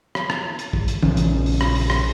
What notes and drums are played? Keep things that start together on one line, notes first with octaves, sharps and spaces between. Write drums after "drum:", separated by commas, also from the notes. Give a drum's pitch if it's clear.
drum: rim click
drum: rim click
drum: hi-hat
drum: kick
drum: hi-hat
A#1 C#3, drum: tom
drum: hi-hat
drum: open hi-hat
drum: rim click
drum: open hi-hat
drum: rim click